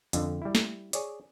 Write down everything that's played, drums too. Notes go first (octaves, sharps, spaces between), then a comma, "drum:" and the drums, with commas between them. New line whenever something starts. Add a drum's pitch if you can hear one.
F2 D3, drum: hi-hat
G3 E4
drum: snare
G#4 C#5 D5, drum: hi-hat